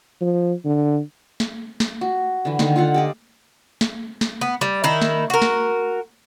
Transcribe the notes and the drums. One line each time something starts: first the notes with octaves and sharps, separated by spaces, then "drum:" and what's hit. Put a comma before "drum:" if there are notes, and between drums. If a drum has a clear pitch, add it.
F3
D3
drum: snare
drum: snare
F#4
D3 E3
D3 D#3 D#4, drum: snare
F4 A4 F5 F#5
G4 D5 D#5
drum: snare
drum: snare
B3
G3
D#3 E4
drum: snare
F#4 A#4
drum: snare